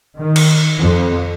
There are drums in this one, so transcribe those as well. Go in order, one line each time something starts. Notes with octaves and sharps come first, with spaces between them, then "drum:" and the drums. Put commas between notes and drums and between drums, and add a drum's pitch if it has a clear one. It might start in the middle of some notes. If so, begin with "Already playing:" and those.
D#3
drum: cymbal
F2